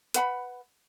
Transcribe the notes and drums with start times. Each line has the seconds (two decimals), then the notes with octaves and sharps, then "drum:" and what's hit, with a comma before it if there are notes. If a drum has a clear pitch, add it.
0.14 B4 F#5 B5, drum: hi-hat